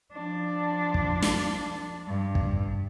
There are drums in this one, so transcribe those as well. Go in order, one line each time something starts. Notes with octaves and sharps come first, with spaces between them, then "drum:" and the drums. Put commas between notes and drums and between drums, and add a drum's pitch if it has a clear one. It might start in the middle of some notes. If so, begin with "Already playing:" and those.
F3 D4
drum: kick
drum: snare
G2
drum: kick